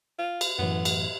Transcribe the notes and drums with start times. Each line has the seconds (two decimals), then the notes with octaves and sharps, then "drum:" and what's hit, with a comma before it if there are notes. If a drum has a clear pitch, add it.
0.19 F4
0.41 drum: cymbal
0.59 F#2 A2 E3 B3
0.85 drum: cymbal